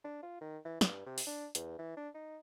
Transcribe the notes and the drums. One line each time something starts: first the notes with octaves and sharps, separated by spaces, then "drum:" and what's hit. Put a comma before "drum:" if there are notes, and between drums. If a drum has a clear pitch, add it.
D4
F4
D#3
E3
G2, drum: snare
C3
drum: open hi-hat
D4
E2, drum: hi-hat
E3
D4
D#4